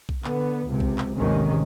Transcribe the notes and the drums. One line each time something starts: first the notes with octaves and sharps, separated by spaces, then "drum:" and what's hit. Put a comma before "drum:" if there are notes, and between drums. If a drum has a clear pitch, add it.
drum: kick B1
D3 B3, drum: clap
C#2 C3
drum: kick B1
drum: clap
A1 D#2 C3 D#3 G#3 C#4